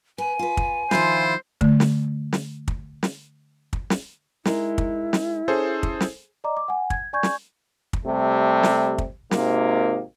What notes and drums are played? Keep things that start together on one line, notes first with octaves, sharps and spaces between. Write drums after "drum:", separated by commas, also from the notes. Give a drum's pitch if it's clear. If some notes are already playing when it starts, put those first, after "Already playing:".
B4 G#5
F4 B4
drum: kick
D#3 F3 E4 F4 C5, drum: snare
D3 A3, drum: kick
drum: snare
drum: snare
drum: kick
drum: snare
drum: kick
drum: snare
G#3 D#4 E4 A#4, drum: snare
drum: kick
drum: snare
C#4 G#4 A4 C5 C#5
drum: kick
drum: snare
D5 D#5 A#5 D6
D6
F#5 G#5
G#6, drum: kick
D5 G#5 C#6 G6 G#6
drum: snare
drum: kick
C3 G3 A3
drum: snare
drum: kick
G#1 C3 D#3 A#3, drum: snare